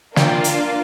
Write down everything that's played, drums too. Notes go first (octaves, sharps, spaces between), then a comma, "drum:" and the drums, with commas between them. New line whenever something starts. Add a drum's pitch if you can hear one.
A#3 D4 F4 G5, drum: snare
drum: hi-hat